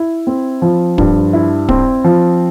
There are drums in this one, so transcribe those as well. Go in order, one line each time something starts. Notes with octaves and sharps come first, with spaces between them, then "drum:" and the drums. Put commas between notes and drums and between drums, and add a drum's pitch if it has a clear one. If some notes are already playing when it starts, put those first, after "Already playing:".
Already playing: E4
C4
F3
G2, drum: kick
E4
C4, drum: kick
F3